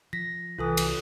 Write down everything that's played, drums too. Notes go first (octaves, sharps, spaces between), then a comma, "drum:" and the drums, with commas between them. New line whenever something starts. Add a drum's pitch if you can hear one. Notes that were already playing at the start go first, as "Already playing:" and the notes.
F3 A#6 B6
C2 E3 F4 A4 D#6
drum: cymbal